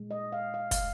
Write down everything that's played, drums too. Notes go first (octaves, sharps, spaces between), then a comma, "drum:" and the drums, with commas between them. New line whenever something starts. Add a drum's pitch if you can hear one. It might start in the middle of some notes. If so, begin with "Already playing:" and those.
Already playing: A#2 G#3
D#5
F5
F5
F5, drum: kick, hi-hat